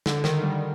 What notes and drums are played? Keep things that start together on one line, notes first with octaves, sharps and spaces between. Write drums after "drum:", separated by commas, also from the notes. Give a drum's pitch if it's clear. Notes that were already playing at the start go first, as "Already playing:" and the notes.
D3, drum: snare
D#3, drum: snare
G3